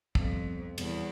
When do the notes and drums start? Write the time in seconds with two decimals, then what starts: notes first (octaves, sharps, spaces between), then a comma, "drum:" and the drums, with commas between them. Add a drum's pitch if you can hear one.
0.15 F2 B2 G3 B3, drum: kick
0.78 E2 B2 G3 B3, drum: cymbal